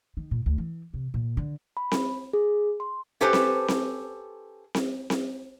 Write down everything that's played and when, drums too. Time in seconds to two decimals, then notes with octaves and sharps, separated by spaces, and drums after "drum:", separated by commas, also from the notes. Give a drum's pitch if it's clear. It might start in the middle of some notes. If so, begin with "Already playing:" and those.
0.17 D#3
0.31 A#2
0.46 D2
0.58 E3
0.94 C3
1.14 A#2
1.37 D3
1.77 B5
1.91 drum: snare C4
2.33 G#4
2.80 C6
3.21 C#4 G4 A4 B4 C5
3.33 drum: snare C4
3.68 drum: snare C4
4.75 drum: snare C4
5.10 drum: snare C4